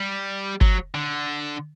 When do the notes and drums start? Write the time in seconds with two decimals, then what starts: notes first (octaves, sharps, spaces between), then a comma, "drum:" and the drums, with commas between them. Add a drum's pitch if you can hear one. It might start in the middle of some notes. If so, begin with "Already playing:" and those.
Already playing: G3
0.61 F#3, drum: kick G1
0.95 D3